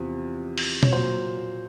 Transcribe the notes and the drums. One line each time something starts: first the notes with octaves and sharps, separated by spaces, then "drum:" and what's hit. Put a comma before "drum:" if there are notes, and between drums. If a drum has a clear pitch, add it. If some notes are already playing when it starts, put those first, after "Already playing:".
Already playing: E2 C3 F3
drum: open hi-hat
C#5, drum: tom B2
A#2 F#3 C5